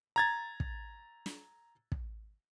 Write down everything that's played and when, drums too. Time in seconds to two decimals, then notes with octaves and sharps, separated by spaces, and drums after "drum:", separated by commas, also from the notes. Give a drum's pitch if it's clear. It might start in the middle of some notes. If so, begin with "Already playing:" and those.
0.16 A#5 G#6 A6
0.60 drum: kick
1.26 drum: snare
1.92 drum: kick